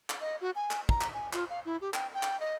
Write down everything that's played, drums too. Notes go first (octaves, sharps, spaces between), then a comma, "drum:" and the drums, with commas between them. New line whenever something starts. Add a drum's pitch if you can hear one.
drum: clap
D#5
F#4
G#5
drum: clap
A#5, drum: kick
drum: clap
G#5
F4, drum: clap
F5
E4
G4
G5, drum: clap
G5
drum: clap
D#5